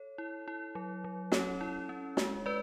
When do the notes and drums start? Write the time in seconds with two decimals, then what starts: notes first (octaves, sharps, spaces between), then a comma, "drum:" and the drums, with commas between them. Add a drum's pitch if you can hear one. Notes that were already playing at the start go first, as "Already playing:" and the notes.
Already playing: A4 C#5
0.18 E4
0.48 E4
0.75 F#3
1.04 F#3
1.32 C#4 A4 C#5, drum: snare
1.61 E4
1.89 C#4
2.17 G#3, drum: snare
2.46 G#3 B4 D5